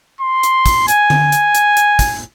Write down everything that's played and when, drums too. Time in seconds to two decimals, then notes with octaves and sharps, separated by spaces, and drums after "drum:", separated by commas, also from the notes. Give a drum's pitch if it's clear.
0.21 C6
0.43 drum: hi-hat
0.66 drum: kick, hi-hat
0.88 G#5, drum: hi-hat
1.10 drum: tom D3
1.32 drum: hi-hat
1.55 drum: hi-hat
1.77 drum: hi-hat
1.99 drum: kick, hi-hat